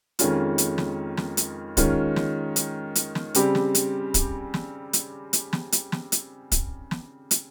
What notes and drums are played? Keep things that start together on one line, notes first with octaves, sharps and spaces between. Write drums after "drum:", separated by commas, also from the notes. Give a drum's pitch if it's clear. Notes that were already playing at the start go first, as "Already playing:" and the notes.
F2 D#3 G#3 C#4 F4, drum: hi-hat
drum: hi-hat
drum: snare
drum: snare
drum: hi-hat
D#3 G#3 C#4 F4, drum: kick, hi-hat
drum: snare
drum: hi-hat
drum: hi-hat
drum: snare
C#3 G3 C4 G4, drum: hi-hat
drum: snare
drum: hi-hat
drum: kick, hi-hat
drum: snare
drum: hi-hat
drum: hi-hat
drum: snare
drum: hi-hat
drum: snare
drum: hi-hat
drum: kick, hi-hat
drum: snare
drum: hi-hat